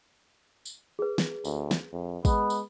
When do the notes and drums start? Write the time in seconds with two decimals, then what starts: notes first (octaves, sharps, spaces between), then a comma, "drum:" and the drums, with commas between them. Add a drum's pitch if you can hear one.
0.65 drum: tambourine
0.99 G#4 B4
1.18 drum: snare
1.45 D2, drum: tambourine
1.71 drum: snare
1.92 F2
2.25 G#3 B3, drum: kick, tambourine
2.50 drum: tambourine